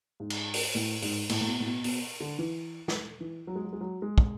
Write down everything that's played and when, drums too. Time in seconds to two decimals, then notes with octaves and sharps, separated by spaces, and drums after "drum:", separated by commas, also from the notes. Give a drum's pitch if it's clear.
0.20 G#2
0.30 drum: cymbal
0.54 drum: open hi-hat
0.75 A2
1.02 G#2, drum: open hi-hat
1.29 A2, drum: cymbal
1.41 A2
1.47 B2
1.60 A2
1.66 B2
1.84 B2, drum: open hi-hat
2.20 D3
2.39 E3
2.88 drum: snare
3.20 E3
3.47 F#3
3.56 G#3
3.64 F#3
3.73 G#3
3.81 F#3
4.02 G#3
4.18 drum: kick